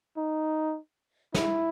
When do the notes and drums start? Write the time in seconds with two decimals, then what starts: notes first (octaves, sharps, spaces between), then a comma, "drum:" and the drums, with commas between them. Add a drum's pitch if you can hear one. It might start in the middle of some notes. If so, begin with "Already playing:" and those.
0.17 D#4
1.35 E4, drum: snare